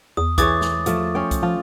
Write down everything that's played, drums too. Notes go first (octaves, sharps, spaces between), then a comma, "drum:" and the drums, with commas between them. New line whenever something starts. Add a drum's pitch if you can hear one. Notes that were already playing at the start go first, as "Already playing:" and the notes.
E2 D#6
E3 G#4 C#5 D6 D#6 A6, drum: kick C2, hi-hat
drum: snare
F3 A3, drum: hi-hat
C#4 C5 G5
drum: kick C2, hi-hat
F3 F4